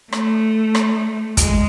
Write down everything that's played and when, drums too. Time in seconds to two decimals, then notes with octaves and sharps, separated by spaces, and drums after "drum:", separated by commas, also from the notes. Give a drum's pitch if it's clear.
0.12 A3, drum: rim click
0.75 drum: rim click
1.37 G#3, drum: kick, hi-hat